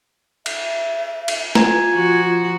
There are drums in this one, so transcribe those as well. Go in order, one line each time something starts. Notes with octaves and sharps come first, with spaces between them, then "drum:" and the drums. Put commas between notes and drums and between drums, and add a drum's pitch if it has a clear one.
E5, drum: cymbal
drum: cymbal
F4 G#5 A#5, drum: snare
F3 F#4